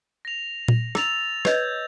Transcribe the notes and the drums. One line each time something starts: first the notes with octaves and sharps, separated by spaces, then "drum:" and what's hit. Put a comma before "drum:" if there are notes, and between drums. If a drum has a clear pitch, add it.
A#6 F7
drum: tom A#2
A#5 E6 A6 F7, drum: rim click
B4 C#5 D#5 G6 G#6, drum: rim click